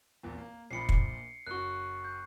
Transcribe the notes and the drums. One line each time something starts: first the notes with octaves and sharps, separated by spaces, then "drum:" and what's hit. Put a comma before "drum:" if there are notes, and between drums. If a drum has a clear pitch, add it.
G#1 E2 A#2
A#3
A#1 A#2 B5 C7 C#7
drum: kick
F#1 F#4 C#6 F#6
G6